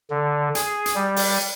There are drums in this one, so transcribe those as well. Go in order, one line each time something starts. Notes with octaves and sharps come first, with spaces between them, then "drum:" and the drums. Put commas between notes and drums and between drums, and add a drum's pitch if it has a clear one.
D3
G#4, drum: hi-hat
drum: hi-hat
G3
drum: open hi-hat